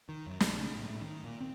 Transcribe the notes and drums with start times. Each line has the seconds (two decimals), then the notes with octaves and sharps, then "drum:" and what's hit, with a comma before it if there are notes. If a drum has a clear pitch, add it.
0.09 D#3
0.27 F#2
0.40 B1, drum: snare
0.58 C#3
0.76 A2
0.87 A2
1.01 D#3
1.24 A#2
1.40 C4